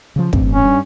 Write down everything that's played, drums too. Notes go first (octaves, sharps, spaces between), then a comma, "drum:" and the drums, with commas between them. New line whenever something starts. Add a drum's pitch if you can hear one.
C#3 F3
A1 G2 C4, drum: kick
C#4
G2